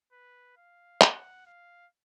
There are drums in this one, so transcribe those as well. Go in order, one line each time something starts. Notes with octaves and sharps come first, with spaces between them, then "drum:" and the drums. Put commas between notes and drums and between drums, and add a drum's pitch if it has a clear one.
B4
F5
F#5, drum: clap
F5